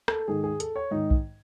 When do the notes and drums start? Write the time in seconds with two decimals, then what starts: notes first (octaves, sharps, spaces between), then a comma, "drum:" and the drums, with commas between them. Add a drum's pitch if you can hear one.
0.08 A4, drum: rim click
0.28 G#2 D#3 G#4
0.44 G#4
0.60 A4, drum: hi-hat
0.76 C#5
0.91 G#2 D#3 D#4
1.11 drum: kick B1